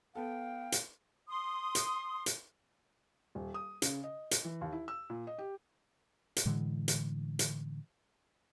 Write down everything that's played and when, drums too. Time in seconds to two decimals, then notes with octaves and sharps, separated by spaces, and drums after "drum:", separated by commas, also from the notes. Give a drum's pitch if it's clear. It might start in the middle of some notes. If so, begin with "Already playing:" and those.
0.15 B3 A4 F5 G5
0.72 drum: hi-hat
1.28 C6 D#6
1.75 drum: hi-hat
2.26 drum: hi-hat
3.35 D#1
3.54 D#6
3.82 C#3, drum: hi-hat
4.04 D#5
4.31 drum: hi-hat
4.45 E3
4.61 D#2
4.72 E4
4.88 E6
5.10 A#2
5.27 D#5
5.38 G4
6.36 drum: hi-hat
6.46 A2 D3 E3 G#3
6.88 drum: hi-hat
7.39 drum: hi-hat